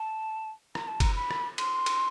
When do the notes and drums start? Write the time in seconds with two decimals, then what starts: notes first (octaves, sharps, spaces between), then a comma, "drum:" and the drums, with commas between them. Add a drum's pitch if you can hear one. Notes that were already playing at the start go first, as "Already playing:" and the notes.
Already playing: A5
0.75 A#5, drum: rim click
0.88 A5
1.00 A#5, drum: kick, cymbal
1.16 B5
1.31 drum: rim click
1.58 C6, drum: cymbal
1.86 drum: cymbal